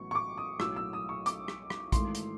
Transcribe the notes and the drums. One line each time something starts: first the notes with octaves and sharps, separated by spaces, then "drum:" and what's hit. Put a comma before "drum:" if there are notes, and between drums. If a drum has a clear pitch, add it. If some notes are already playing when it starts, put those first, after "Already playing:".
Already playing: A1 F#3 B3 C#6
C#6
D6
D#6
B1 A2 F#3 E6, drum: rim click
E6
D#6
C#6
D6, drum: hi-hat
drum: rim click
drum: rim click
G#1 G#2 E3 A3 C6, drum: kick A#1, hi-hat
drum: hi-hat